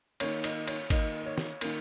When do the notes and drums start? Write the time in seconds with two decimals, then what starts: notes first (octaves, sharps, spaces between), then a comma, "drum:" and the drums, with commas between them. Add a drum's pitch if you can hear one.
0.20 D#3 A#3 C#5, drum: cymbal
0.44 D#5, drum: cymbal
0.68 C#5, drum: cymbal
0.90 D#3 A#3 D#5, drum: kick G#1, cymbal
1.21 D#5
1.26 C#5
1.38 drum: snare
1.61 D#3 A#3, drum: cymbal